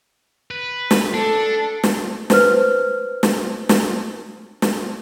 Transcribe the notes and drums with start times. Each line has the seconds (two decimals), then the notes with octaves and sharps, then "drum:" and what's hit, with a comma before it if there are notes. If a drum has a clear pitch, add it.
0.51 B4
0.91 drum: snare
1.14 D4 A4
1.83 drum: snare
2.30 B4 C5 F6, drum: snare
3.23 drum: snare
3.69 drum: snare
4.62 drum: snare